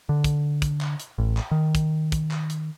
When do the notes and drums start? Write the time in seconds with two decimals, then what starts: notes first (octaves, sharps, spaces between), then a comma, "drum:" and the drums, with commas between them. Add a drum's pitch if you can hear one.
0.09 D3
0.24 drum: kick, hi-hat
0.62 drum: kick, hi-hat
0.81 drum: clap
1.00 drum: hi-hat
1.18 A1
1.37 drum: clap
1.51 D#3
1.75 drum: kick, hi-hat
2.12 drum: kick, hi-hat
2.31 drum: clap
2.50 drum: hi-hat